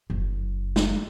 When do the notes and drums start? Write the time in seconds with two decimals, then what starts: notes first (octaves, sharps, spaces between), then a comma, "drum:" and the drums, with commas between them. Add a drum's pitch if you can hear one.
0.10 F#1
0.76 drum: snare